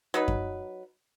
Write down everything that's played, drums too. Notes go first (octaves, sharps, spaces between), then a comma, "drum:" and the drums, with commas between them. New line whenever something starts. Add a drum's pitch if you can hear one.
F#3 D#4 B4
drum: kick F#2